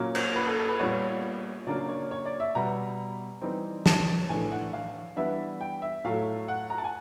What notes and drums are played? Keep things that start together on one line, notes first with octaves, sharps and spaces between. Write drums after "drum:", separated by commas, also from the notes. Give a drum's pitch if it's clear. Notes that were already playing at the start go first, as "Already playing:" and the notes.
Already playing: A#2 F#3 A#3 C#4
C5, drum: cymbal
B4
A4
A4
B4
A#2 G3 B3 C#5
C#3 F#3 A#3 D4 D5
C#5
C#5
D5
E5
B2 G3 B3 A#5
E3 G3 C4 D#4
A5, drum: snare
A2 E3 A3 D4 G#5
F#5
F5
E3 G3 B3 D4 E5
G5
E5
A2 F#3 A3 F5
F#5
A#5
A5
G#5